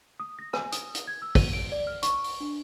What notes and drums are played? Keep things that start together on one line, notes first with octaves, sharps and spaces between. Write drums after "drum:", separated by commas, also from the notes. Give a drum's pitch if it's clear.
D#6
A#6
G#5, drum: rim click
D#6, drum: hi-hat
drum: hi-hat
G#6
E6
D#7, drum: kick, open hi-hat
D7
D5
F6
C#6, drum: hi-hat
drum: open hi-hat
D4